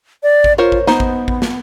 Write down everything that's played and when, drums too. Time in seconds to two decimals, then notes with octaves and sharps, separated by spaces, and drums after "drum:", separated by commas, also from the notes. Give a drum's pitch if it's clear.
0.23 D5
0.44 drum: kick A1
0.58 F4 A#4 C5 C#5
0.72 drum: kick A1
0.87 B3 D#4 C5, drum: snare
1.00 drum: kick A1
1.28 drum: kick A1
1.42 drum: snare